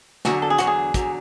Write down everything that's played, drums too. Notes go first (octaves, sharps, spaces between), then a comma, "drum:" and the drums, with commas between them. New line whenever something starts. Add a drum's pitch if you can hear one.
E2 D3 F#3 F#4, drum: snare
A4
G#4
E2 D3 F#3 F#4, drum: hi-hat
G#4
E2 D3 F#3, drum: kick, hi-hat